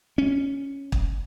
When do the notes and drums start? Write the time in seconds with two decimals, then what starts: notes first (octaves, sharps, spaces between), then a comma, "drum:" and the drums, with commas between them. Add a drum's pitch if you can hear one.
0.18 C#4
0.92 drum: kick